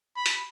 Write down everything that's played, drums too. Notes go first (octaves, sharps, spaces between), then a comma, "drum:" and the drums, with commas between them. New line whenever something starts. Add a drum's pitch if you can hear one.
B5
drum: hi-hat